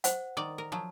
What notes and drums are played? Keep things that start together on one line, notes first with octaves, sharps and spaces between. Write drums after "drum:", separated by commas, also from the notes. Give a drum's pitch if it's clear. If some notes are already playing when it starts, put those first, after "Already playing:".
C5 F#5, drum: hi-hat
D#3 D5 D#6
A#4
F3 F#3